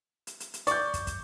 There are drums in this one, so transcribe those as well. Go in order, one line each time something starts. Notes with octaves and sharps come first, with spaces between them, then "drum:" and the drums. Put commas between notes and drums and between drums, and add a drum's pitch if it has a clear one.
drum: hi-hat
drum: hi-hat
drum: hi-hat
D5 C#6 G6, drum: hi-hat
drum: kick, hi-hat
drum: kick, hi-hat